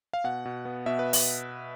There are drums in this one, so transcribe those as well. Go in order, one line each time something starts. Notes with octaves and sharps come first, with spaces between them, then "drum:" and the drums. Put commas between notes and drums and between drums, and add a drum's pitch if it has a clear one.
F5
B2 F#5
B2
B3
B2 E5
B4
drum: open hi-hat